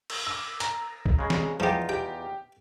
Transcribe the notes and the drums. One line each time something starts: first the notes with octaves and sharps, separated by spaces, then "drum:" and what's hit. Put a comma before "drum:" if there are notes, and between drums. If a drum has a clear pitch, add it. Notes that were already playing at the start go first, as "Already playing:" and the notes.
drum: cymbal
D6 E6
A#5, drum: hi-hat
drum: kick A#1
C#3 G#3
drum: snare
E2 F3 D#4 F4 G4
G4 G5